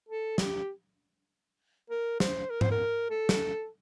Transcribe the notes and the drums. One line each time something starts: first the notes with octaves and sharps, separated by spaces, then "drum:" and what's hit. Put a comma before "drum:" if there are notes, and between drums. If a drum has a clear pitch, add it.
A4
G4, drum: snare
A#4
C5, drum: snare
A#4
C5, drum: tom G#2
A#4
A4
drum: snare